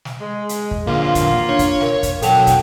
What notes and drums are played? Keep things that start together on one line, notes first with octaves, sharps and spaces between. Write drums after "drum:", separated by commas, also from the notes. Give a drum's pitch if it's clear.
drum: snare
G#3
drum: hi-hat
drum: kick
A#2 D3 A#3 F4
drum: kick, hi-hat
D4 C#5
drum: kick, hi-hat
A#4 F5, drum: snare
drum: kick, hi-hat
B2 D3 F#3 A4 G5 A5 F7, drum: hi-hat
drum: kick, hi-hat